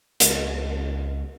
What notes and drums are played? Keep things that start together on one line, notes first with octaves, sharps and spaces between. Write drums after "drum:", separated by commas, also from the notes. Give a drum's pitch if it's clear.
C#2, drum: hi-hat